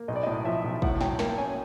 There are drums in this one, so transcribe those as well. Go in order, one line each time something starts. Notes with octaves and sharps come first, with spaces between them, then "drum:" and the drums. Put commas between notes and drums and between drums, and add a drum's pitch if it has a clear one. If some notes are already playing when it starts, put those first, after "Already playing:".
Already playing: A#3
B1 D#5
D5
A2 D#5
F3 E5
B1
A2 F#5, drum: kick
F#3 G5, drum: snare
A#3 A5, drum: snare
C#4 G#5